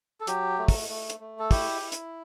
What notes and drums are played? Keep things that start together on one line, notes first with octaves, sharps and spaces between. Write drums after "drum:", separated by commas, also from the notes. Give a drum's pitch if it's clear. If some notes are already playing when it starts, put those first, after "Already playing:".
A4
F#3 G4, drum: hi-hat
A3
drum: kick, open hi-hat
A3
drum: hi-hat
A3
A4
E4 G4, drum: kick, open hi-hat
E4
drum: hi-hat